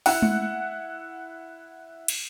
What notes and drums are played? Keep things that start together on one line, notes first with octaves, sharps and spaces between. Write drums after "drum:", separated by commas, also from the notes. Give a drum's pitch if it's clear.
E4 F#5, drum: open hi-hat
drum: tom G#3
drum: cymbal